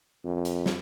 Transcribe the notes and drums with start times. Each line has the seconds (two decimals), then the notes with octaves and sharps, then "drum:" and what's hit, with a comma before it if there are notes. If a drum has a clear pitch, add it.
0.24 F2
0.45 drum: hi-hat
0.66 drum: snare